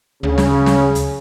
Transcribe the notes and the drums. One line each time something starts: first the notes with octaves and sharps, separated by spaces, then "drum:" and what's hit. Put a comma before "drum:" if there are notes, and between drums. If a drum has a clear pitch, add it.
D2 C#3
drum: snare
drum: snare
drum: hi-hat